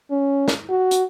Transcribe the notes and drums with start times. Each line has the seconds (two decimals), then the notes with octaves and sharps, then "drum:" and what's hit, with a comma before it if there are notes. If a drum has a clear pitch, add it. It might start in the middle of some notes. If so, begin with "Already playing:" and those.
0.11 C#4
0.48 drum: snare
0.69 F#4
0.91 drum: hi-hat